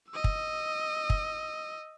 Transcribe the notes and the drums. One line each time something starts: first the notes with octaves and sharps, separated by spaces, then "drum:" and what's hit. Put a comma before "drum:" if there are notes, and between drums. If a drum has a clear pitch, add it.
D#5 E6
drum: kick
drum: kick